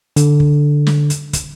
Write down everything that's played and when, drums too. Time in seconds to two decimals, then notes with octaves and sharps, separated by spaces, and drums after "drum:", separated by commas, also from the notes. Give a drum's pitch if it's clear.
0.16 D3, drum: hi-hat
0.40 drum: kick
0.87 drum: snare
1.10 drum: hi-hat
1.33 drum: kick, hi-hat